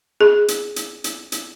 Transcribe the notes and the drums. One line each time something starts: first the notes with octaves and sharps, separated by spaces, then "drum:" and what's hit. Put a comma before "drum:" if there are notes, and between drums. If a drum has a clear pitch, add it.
G#4
drum: hi-hat
drum: hi-hat
drum: hi-hat
drum: hi-hat